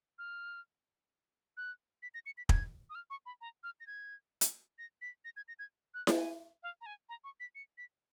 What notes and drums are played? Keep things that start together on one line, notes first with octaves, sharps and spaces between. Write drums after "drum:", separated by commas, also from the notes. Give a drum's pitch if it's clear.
F6
F#6
B6
A#6
C#7
B6
G#6, drum: kick
D#6
F6
C#6
B5
A#5
F6
A#6
G#6
drum: hi-hat
A#6
B6
A#6
G#6
A#6
G#6
F#6
drum: snare E4
G#5
F5
A#5
G#5
A#5
C#6
B6
C#7
B6